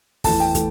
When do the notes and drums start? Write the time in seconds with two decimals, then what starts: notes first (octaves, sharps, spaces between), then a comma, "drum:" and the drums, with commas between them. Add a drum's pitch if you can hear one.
0.24 E2 E3 A3 A5, drum: kick, open hi-hat
0.40 G5
0.55 E3 A3, drum: kick, hi-hat